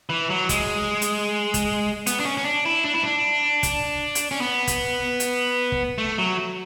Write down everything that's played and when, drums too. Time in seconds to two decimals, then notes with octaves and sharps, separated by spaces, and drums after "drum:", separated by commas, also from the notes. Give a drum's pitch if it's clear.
0.10 E3
0.30 F#3
0.49 G#3, drum: kick, hi-hat
1.02 drum: hi-hat
1.54 drum: kick, hi-hat
2.07 B3, drum: hi-hat
2.20 D4
2.26 C#4
2.37 C#4
2.45 D4
2.66 E4
2.84 D4
2.94 E4
3.04 D4
3.63 drum: kick, hi-hat
4.15 drum: hi-hat
4.31 C#4
4.41 B3
4.67 drum: kick, hi-hat
5.20 drum: hi-hat
5.72 drum: kick
5.98 A3
6.18 F#3